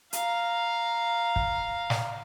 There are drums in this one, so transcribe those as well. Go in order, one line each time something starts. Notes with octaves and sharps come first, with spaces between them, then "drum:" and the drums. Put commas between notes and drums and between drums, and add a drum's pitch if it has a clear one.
F5 A#5, drum: hi-hat
drum: kick
drum: snare